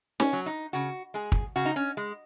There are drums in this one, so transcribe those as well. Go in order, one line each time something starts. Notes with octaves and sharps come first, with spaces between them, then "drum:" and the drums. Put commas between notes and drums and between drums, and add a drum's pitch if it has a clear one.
C#4, drum: snare
F#3
D#4
C#3 F#4
G#3 G#4
drum: kick
C#3 F#4
D#4
C#4
G#3